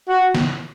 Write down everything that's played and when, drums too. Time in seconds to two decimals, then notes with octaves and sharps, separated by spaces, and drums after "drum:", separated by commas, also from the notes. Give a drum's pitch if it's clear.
0.09 F#4
0.34 drum: snare